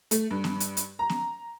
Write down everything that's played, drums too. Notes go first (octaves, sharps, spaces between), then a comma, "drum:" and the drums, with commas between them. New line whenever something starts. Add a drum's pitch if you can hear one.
A3, drum: hi-hat
G2
drum: snare B3
drum: hi-hat
drum: hi-hat
A#5
drum: snare B3